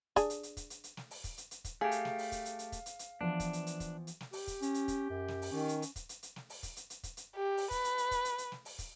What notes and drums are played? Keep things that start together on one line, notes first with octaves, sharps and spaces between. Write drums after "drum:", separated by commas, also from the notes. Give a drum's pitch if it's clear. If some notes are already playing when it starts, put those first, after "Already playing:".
D4 G#4, drum: kick, hi-hat
drum: hi-hat
drum: hi-hat
drum: kick, hi-hat
drum: hi-hat
drum: hi-hat
drum: snare
drum: open hi-hat
drum: kick, hi-hat
drum: hi-hat
drum: hi-hat
drum: kick, hi-hat
A3 G4 G#4 F5
drum: hi-hat
drum: snare
drum: open hi-hat
drum: kick, hi-hat
drum: hi-hat
drum: hi-hat
drum: kick, hi-hat
drum: hi-hat
drum: hi-hat
E3 F3 B3 D4
drum: kick, hi-hat
drum: hi-hat
drum: hi-hat
drum: kick, hi-hat
drum: hi-hat
drum: snare
G4, drum: open hi-hat
drum: kick, hi-hat
C#4, drum: hi-hat
drum: hi-hat
drum: kick, hi-hat
F#2
drum: snare
drum: open hi-hat
D#3 C#4
drum: hi-hat
drum: hi-hat
drum: kick, hi-hat
drum: hi-hat
drum: hi-hat
drum: snare
drum: open hi-hat
drum: kick, hi-hat
drum: hi-hat
drum: hi-hat
drum: kick, hi-hat
drum: hi-hat
G4
drum: open hi-hat
B4, drum: kick, hi-hat
drum: hi-hat
drum: hi-hat
drum: kick, hi-hat
drum: hi-hat
drum: hi-hat
drum: snare
drum: open hi-hat
drum: kick, hi-hat